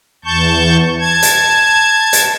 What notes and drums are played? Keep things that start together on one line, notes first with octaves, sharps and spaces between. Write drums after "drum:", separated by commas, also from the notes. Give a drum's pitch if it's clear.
E2 A5 C#6 G6
A5 G#6
drum: hi-hat
drum: hi-hat